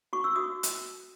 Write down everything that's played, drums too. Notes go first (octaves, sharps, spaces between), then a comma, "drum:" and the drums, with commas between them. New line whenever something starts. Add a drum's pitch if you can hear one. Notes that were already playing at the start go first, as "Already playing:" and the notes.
F#4 C#6
E6
F#4 D#6
drum: hi-hat